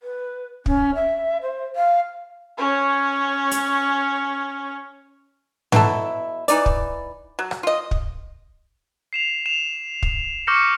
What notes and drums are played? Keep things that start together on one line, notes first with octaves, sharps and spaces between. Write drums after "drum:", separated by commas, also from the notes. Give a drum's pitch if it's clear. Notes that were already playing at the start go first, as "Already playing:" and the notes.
B4
C#4, drum: kick
E5
C5
F5
C#4 C#5
drum: hi-hat
B2 F#3 E4 A4, drum: tom G#2
E3 D#4 D5, drum: hi-hat
drum: kick
F#3
drum: rim click
F4 D#5
drum: kick
C7 E7 F7
E7 F7
drum: kick
C#6 D6 F6 G6 A#6 C#7